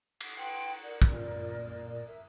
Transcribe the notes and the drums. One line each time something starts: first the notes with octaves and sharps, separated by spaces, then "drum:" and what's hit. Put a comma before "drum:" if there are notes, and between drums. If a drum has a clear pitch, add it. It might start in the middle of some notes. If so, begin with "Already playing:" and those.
F#5 D6, drum: cymbal
B4 F#5 G5 C6
A#4 D5
drum: kick
A#2
A#4 E5